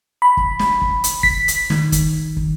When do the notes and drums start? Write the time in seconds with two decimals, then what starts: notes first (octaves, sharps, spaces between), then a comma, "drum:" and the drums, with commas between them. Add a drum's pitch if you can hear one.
0.22 B5
0.37 drum: kick
0.59 drum: snare
0.82 drum: kick
1.04 drum: hi-hat
1.23 B6, drum: kick
1.48 drum: hi-hat
1.70 D#3, drum: snare
1.92 drum: kick, hi-hat
2.37 drum: kick